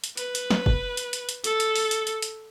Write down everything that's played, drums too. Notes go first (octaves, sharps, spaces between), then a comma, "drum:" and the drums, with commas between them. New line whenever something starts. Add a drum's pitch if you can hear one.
drum: hi-hat
B4, drum: hi-hat
drum: hi-hat
drum: snare
drum: kick F1
drum: hi-hat
drum: hi-hat
drum: hi-hat
A4, drum: hi-hat
drum: hi-hat
drum: open hi-hat
drum: hi-hat
drum: hi-hat
drum: hi-hat